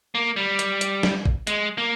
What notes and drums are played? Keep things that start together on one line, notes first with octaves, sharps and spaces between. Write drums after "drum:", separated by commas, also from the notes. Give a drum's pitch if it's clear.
A#3
G3
drum: hi-hat
drum: hi-hat
drum: snare
drum: kick A1
G#3, drum: hi-hat
A#3